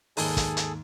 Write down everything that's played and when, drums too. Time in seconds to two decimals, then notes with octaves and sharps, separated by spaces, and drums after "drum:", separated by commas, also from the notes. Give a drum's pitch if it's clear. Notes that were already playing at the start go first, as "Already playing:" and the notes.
0.17 D#2 G#2 D#3 G#4 A4, drum: open hi-hat
0.37 drum: kick, hi-hat
0.57 drum: hi-hat